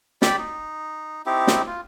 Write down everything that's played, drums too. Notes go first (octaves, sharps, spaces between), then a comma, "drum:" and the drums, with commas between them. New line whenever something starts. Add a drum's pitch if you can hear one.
G4 D5 B5, drum: snare
D#4
C4 D#4 E4 G4
drum: snare
F4